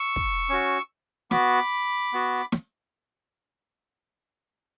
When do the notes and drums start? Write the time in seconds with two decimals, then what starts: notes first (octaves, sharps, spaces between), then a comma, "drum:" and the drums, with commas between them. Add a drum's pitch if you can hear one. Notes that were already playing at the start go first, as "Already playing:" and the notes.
Already playing: C#6 E6
0.16 drum: kick
0.49 C#4 F#4
1.31 B3 F#4 B5 D6, drum: snare
2.13 B3 F#4
2.52 drum: snare